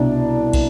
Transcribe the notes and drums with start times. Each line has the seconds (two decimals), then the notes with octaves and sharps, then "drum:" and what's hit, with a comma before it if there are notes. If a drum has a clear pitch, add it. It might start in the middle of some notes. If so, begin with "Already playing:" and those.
Already playing: C2 B2 D4
0.53 drum: kick, cymbal